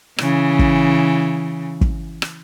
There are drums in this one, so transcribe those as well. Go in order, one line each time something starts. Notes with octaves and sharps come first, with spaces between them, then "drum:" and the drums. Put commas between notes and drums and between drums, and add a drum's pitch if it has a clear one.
C#3 E3, drum: rim click
drum: kick
drum: kick
drum: rim click